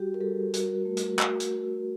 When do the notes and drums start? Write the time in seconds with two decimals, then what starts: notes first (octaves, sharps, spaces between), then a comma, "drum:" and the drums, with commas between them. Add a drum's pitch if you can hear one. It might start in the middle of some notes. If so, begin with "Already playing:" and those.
Already playing: G3 F#4 G4
0.14 A#4
0.21 G3 A4
0.53 F#4 A#4, drum: hi-hat
0.85 A3
0.97 drum: hi-hat
1.19 F#4, drum: clap
1.40 drum: hi-hat